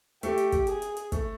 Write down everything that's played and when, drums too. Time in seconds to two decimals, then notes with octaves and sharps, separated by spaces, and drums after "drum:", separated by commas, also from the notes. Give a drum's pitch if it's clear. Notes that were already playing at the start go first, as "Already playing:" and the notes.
0.23 A3 G4, drum: hi-hat
0.38 drum: hi-hat
0.52 drum: kick, hi-hat
0.67 G#4, drum: hi-hat
0.82 drum: hi-hat
0.97 drum: hi-hat
1.12 A3, drum: kick, hi-hat